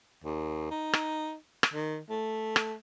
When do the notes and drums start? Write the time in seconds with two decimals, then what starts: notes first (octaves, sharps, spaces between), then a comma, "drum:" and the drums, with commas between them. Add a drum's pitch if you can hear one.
0.24 D#2
0.70 D#4
0.93 drum: rim click
1.63 drum: rim click
1.74 D#3
2.10 A3
2.56 drum: rim click